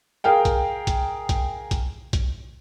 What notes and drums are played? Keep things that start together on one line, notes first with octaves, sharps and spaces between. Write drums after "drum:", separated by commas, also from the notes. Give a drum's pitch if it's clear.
G#4 A#4 F5 G5
drum: kick B1, hi-hat
drum: kick B1, hi-hat
drum: kick B1, hi-hat
drum: kick B1, hi-hat
drum: kick B1, hi-hat